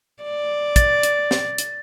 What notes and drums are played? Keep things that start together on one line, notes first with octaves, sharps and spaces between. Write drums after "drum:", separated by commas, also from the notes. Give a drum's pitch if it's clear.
D5
A6, drum: kick, hi-hat
drum: hi-hat
drum: snare
drum: hi-hat